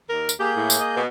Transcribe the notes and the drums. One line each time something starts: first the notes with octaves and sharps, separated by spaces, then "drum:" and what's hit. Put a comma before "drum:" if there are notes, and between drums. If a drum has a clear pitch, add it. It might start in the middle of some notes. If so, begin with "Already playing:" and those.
D#2 A#4
drum: tambourine
A#3 G4 G#4 G6
A2
drum: tambourine
D#5
B2